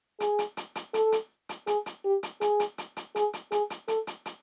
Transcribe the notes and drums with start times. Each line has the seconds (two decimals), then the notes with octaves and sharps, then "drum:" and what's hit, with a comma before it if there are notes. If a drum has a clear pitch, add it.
0.20 G#4, drum: hi-hat
0.39 drum: hi-hat
0.57 drum: hi-hat
0.75 drum: hi-hat
0.94 A4, drum: hi-hat
1.12 drum: hi-hat
1.49 drum: hi-hat
1.67 G#4, drum: hi-hat
1.86 drum: hi-hat
2.05 G4
2.23 drum: hi-hat
2.41 G#4, drum: hi-hat
2.60 drum: hi-hat
2.78 drum: hi-hat
2.97 drum: hi-hat
3.16 G#4, drum: hi-hat
3.33 drum: hi-hat
3.52 G#4, drum: hi-hat
3.70 drum: hi-hat
3.88 A4, drum: hi-hat
4.07 drum: hi-hat
4.26 drum: hi-hat